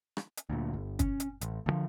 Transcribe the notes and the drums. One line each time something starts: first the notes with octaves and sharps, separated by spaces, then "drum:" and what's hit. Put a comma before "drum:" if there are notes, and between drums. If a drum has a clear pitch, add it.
drum: rim click
drum: hi-hat
D2 A#2
G1
C#4, drum: kick, hi-hat
drum: hi-hat
A1, drum: hi-hat
D2 D3 F3